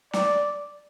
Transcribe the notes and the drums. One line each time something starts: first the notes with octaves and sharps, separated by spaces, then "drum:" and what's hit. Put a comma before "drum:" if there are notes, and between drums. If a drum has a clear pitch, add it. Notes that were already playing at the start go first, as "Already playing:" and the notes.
D5, drum: snare